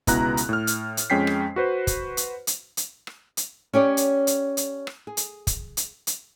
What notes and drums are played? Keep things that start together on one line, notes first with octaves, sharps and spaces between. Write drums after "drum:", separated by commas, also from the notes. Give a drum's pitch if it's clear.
C#2 B2 B3 E4 A#5 F#6, drum: kick, hi-hat
drum: hi-hat
A2 F6
drum: hi-hat
drum: hi-hat
F2 G#3 C#4 G5 B6 C7
drum: rim click
F#4 B4 C5
drum: kick, hi-hat
drum: hi-hat
drum: hi-hat
drum: hi-hat
drum: rim click
drum: hi-hat
C#4 G4 C#5 D5
drum: hi-hat
drum: hi-hat
drum: hi-hat
drum: rim click
G#4
drum: hi-hat
drum: kick, hi-hat
drum: hi-hat
drum: hi-hat